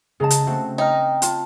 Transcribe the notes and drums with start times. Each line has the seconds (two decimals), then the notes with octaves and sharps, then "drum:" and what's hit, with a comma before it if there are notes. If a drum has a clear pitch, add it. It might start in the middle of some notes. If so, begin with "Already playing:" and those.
0.20 C#3 G#3 G#4 A5 A#5
0.30 drum: hi-hat
0.46 A3 C4 F#4
0.78 D#4 G5 A#5 F6
1.22 F4 A5, drum: hi-hat